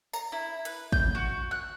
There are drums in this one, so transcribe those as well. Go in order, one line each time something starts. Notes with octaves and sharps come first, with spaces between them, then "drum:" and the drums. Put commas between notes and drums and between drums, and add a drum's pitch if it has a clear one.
A#5, drum: tambourine
E4
B4, drum: hi-hat
G6, drum: kick
F#4
F#6